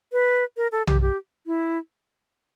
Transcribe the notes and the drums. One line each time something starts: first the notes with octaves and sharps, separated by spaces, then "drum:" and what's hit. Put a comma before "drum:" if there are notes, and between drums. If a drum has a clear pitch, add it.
B4
A#4
A4
G4, drum: tom B1
G4
E4